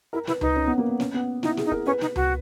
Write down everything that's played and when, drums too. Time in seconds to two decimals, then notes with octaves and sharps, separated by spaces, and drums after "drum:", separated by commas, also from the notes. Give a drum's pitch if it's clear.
0.13 E4 A#4
0.27 E4 B4, drum: snare
0.41 D#4 B4, drum: tom C#2
0.56 C#4
0.67 B3
0.78 A#3
0.89 B3
1.00 C#4, drum: snare
1.14 B3
1.43 D#4 E4, drum: snare
1.57 G#4, drum: snare
1.65 D#4
1.71 A#4, drum: kick
1.86 C#4 B4
2.01 D#4, drum: snare
2.16 F#4, drum: tom C#2